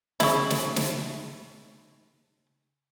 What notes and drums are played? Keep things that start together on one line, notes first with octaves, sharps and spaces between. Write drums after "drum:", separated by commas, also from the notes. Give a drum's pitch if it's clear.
C#3 E4, drum: snare
drum: snare
drum: snare